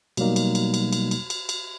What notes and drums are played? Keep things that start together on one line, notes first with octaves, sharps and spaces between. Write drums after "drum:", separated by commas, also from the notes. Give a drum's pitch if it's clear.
B2 F#3 G3 A#3 D#4, drum: cymbal
drum: cymbal
drum: cymbal
drum: cymbal
drum: cymbal
drum: cymbal
drum: cymbal
drum: cymbal